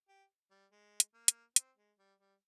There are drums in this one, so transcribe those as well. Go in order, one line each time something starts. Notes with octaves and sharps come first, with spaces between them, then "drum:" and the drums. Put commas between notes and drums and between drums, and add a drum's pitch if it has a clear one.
G4
G3
G#3
drum: hi-hat
A#3
drum: hi-hat
C4, drum: hi-hat
G#3
G3
G3